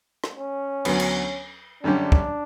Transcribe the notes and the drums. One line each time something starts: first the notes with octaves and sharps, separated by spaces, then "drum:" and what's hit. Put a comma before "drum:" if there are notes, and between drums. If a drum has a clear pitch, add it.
drum: rim click
C#4
D2 D3 F#3 B3, drum: cymbal
drum: cymbal
F#2 D3 G3 C#4 D4 G4
drum: kick